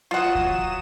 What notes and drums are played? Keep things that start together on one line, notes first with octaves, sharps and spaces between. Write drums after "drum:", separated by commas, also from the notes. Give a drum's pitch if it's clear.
F#3 F4 F#5 D#6 E7
drum: kick D#2